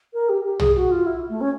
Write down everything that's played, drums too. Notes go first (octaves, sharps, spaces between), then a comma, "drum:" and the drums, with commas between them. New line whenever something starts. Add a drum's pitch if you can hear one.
A#4
G4
G4
G#4, drum: tom
F#4
F4
E4
A3
C#4